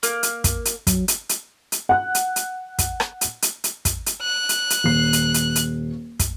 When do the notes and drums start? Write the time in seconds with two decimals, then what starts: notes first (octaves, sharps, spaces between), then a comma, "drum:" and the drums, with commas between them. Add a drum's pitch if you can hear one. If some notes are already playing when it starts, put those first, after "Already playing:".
0.03 A#3, drum: hi-hat
0.23 drum: hi-hat
0.44 drum: kick, hi-hat
0.65 drum: hi-hat
0.87 F#3, drum: kick, hi-hat
1.08 drum: hi-hat
1.29 drum: hi-hat
1.72 drum: hi-hat
1.89 F#5 F#6
2.15 drum: hi-hat
2.36 drum: hi-hat
2.79 drum: kick, hi-hat
3.00 drum: rim click
3.21 drum: hi-hat
3.42 drum: hi-hat
3.64 drum: hi-hat
3.85 drum: kick, hi-hat
4.06 drum: hi-hat
4.22 F#6
4.49 drum: hi-hat
4.70 drum: hi-hat
4.84 D#1 C7
5.13 drum: hi-hat
5.34 drum: hi-hat
5.56 drum: hi-hat
6.19 drum: kick, hi-hat